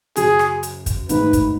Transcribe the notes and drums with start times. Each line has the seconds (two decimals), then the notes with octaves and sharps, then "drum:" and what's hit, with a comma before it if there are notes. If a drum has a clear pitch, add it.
0.16 F#2 C#3 F#3 G#4, drum: hi-hat
0.39 drum: rim click
0.63 drum: hi-hat
0.86 drum: kick, hi-hat
1.09 G#2 D#3 A3 D#4 B4, drum: hi-hat
1.33 drum: kick, hi-hat